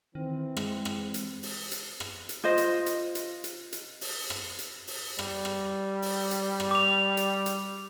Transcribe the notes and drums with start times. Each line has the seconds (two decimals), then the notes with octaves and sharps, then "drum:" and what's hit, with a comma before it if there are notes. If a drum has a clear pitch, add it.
0.15 D#3 E3 C4
0.57 G#3, drum: rim click
0.85 drum: rim click
1.14 drum: hi-hat
1.43 drum: open hi-hat
1.71 drum: hi-hat
2.00 drum: rim click
2.29 drum: hi-hat
2.44 F4 C5 D#5
2.58 drum: hi-hat
2.86 drum: hi-hat
3.15 drum: hi-hat
3.44 drum: hi-hat
3.72 drum: hi-hat
4.01 drum: open hi-hat
4.30 drum: rim click
4.59 drum: hi-hat
4.87 drum: open hi-hat
5.19 G3, drum: rim click
5.45 drum: rim click
6.02 drum: open hi-hat
6.31 drum: hi-hat
6.60 drum: rim click
6.71 D6 F7
7.17 drum: hi-hat
7.46 drum: hi-hat